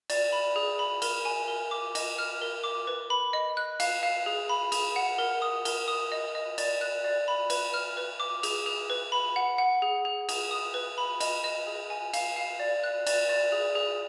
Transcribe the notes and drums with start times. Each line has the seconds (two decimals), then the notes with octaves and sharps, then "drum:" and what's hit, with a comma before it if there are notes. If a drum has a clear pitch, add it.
0.10 D5, drum: cymbal
0.32 B5
0.56 G#4
0.79 B5
1.02 A#4, drum: cymbal
1.25 G#5
1.48 A#4
1.71 D6
1.95 D#5, drum: cymbal
2.18 F6
2.42 A#4
2.64 D6
2.87 B4
3.10 B5
3.33 D#5
3.57 F#6
3.80 F5, drum: cymbal
4.03 F5
4.26 G#4
4.49 B5
4.72 G#4, drum: cymbal
4.96 F#5
5.18 A#4
5.42 D#6
5.65 A#4, drum: cymbal
5.88 D#6
6.12 D#5
6.35 D#5
6.58 D5, drum: cymbal
6.81 F#6
7.04 D5
7.28 B5
7.50 B4, drum: cymbal
7.74 F6
7.97 B4
8.20 D6
8.43 G#4, drum: cymbal
8.66 G#4
8.90 B4
9.12 B5
9.36 F#5
9.58 F#5
9.82 G#4
10.05 G#4
10.29 G#4, drum: cymbal
10.51 D#6
10.74 B4
10.98 B5
11.20 D#5, drum: cymbal
11.44 D#5
11.67 G#4
11.90 G#5
12.14 F5, drum: cymbal
12.36 F5
12.60 D5
12.84 F#6
13.07 D5, drum: cymbal
13.29 D5
13.52 G#4
13.75 G#4